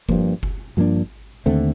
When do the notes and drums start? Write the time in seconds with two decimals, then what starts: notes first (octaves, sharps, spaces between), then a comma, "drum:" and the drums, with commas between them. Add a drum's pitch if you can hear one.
0.09 G2 F3 A#3, drum: kick F#1
0.43 drum: kick F#1
0.77 G2 F3 A#3 D4
1.46 D#2 D3 A3 C4